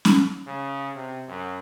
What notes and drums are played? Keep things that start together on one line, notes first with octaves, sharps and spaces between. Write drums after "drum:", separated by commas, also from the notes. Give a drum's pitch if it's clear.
drum: snare C#4
C#3
C3
F#2